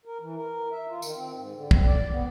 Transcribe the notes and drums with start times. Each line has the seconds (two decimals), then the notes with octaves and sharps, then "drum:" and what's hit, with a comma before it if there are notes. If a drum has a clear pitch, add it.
0.06 A#4
0.20 E3
0.36 A#4
0.72 E5
0.89 F4
1.02 D#3, drum: tambourine
1.16 C4
1.36 G#2
1.54 D3
1.71 C4, drum: kick
1.86 D5
2.11 B3